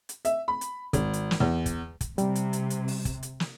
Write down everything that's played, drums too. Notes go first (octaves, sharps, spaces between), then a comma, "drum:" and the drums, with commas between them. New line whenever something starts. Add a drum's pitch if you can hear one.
drum: hi-hat
E5, drum: hi-hat
B5
drum: hi-hat
G#1, drum: kick, hi-hat
drum: hi-hat
drum: snare
E2
drum: kick, hi-hat
drum: kick, hi-hat
C3 G3, drum: hi-hat
drum: hi-hat
drum: hi-hat
drum: hi-hat
drum: open hi-hat
drum: kick, hi-hat
drum: hi-hat
drum: snare